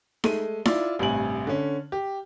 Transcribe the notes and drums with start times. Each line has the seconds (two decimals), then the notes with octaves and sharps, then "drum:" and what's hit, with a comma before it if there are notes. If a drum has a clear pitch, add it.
0.24 G#3 A3 D#7, drum: snare D#4
0.65 E4 F4 D5, drum: snare D#4
0.99 A1 G2 C3 G#5 F#7
1.47 D3 C#4
1.92 G4